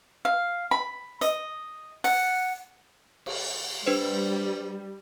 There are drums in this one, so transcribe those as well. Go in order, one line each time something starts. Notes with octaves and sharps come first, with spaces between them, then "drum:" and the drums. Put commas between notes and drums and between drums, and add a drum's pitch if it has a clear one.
F5
B5
D#5, drum: hi-hat
F#5, drum: open hi-hat
drum: cymbal
G3 D4 B4 C5